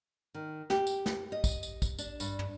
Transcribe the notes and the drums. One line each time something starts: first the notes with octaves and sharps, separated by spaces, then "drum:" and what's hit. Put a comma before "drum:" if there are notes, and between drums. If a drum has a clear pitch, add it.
D#3
G4, drum: snare
drum: tambourine
drum: snare
D#5
drum: kick, tambourine
drum: tambourine
drum: kick, tambourine
D4, drum: tambourine
G2, drum: tambourine
drum: tom